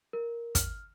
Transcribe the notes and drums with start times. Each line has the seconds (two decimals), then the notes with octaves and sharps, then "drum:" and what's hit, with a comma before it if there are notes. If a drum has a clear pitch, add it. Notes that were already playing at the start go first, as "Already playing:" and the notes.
0.13 A#4
0.55 F6, drum: kick, hi-hat